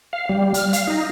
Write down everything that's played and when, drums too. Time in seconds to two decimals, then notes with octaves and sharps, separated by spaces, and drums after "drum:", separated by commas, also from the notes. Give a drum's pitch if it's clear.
0.13 F5
0.29 G3
0.54 F6, drum: hi-hat
0.73 F5, drum: hi-hat
0.87 D#4